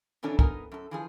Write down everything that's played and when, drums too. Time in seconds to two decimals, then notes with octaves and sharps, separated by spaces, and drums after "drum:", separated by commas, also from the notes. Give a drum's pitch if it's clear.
0.23 B2 E3 C#4 D4 A4
0.39 B3 D#4 A#4 G#5, drum: kick
0.72 F#2 A4
0.91 E3 F3 G#4